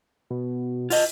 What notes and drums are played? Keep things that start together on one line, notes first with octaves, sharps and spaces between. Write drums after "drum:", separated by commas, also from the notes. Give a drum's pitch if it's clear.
B2
F4 D#5, drum: open hi-hat